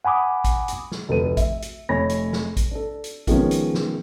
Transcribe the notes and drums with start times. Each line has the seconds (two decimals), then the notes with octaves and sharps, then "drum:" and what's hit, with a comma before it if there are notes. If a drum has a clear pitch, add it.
0.05 F#5 G#5 B5 D6 D#6
0.44 drum: kick, hi-hat
0.68 drum: hi-hat
0.92 drum: snare
1.09 F1 D2 A4 B4 D#7
1.37 E5, drum: kick, hi-hat
1.62 drum: hi-hat
1.89 F1 A3 C#5 G#5 B5 A#6
2.09 drum: hi-hat
2.33 drum: snare
2.57 drum: kick, hi-hat
2.71 D4 A4
3.04 drum: hi-hat
3.27 D#3 F3 G#3 B3 C#4, drum: kick, hi-hat
3.51 drum: hi-hat
3.74 drum: snare